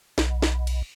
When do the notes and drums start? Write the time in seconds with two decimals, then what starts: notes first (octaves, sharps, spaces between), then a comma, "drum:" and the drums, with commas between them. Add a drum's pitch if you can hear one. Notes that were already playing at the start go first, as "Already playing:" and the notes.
0.18 B1, drum: snare
0.42 drum: snare
0.67 drum: cymbal